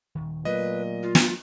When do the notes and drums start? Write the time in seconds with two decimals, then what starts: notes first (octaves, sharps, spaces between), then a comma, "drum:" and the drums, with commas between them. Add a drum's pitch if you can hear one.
0.15 D#1 D#3
0.45 A#2 F#3 A3 B4 D#5
1.03 F4
1.15 drum: snare